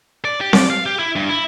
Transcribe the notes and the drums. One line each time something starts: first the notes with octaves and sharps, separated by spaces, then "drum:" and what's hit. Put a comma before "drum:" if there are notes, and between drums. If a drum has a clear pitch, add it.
D5
G4
D5, drum: snare C4
F5
G4
E4
G2
E4